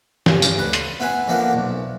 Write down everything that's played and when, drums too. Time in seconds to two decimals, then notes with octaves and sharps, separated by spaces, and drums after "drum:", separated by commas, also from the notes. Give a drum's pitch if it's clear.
0.26 G2 C#3, drum: snare
0.42 drum: tambourine
0.57 D2 B4
0.73 C6, drum: hi-hat
1.00 B3 E4 B4 G#5
1.28 D3 E3 F3 A#3 B3 D4
1.53 B1